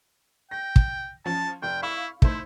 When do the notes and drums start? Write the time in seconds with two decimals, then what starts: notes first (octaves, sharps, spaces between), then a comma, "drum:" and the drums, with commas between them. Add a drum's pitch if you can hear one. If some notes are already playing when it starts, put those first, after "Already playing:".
0.51 G5 A#6
0.76 drum: kick
1.26 F3 C#4 A5
1.62 F1 G5
1.82 E4 F5 B5 C#6
2.22 A3 D#4 E4 C5, drum: kick